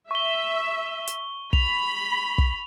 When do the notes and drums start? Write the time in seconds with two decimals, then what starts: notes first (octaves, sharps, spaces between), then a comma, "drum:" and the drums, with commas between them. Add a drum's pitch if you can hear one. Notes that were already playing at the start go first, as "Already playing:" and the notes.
0.11 E5 C#6 G7
1.07 drum: hi-hat
1.53 B5 F7, drum: kick
2.38 drum: kick